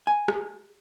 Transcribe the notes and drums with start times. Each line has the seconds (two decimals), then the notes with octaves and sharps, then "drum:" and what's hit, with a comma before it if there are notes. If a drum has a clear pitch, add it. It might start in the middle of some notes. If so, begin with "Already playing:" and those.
0.07 G#5
0.28 drum: rim click